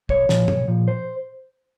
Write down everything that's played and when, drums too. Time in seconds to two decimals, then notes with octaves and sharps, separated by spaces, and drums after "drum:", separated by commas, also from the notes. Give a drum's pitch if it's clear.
0.09 B1 C#5, drum: kick
0.29 A#2 F3, drum: snare
0.48 B1, drum: tom
0.68 A#2 F3
0.88 C5